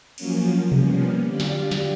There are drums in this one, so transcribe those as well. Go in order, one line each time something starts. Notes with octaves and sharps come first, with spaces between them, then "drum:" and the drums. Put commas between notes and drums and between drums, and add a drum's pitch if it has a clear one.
F3 F#3 A#3 C#4, drum: cymbal
F3 G3 A#3 B3 C#4, drum: tom B2
D3 G4 D5 F5 G5
drum: snare
drum: snare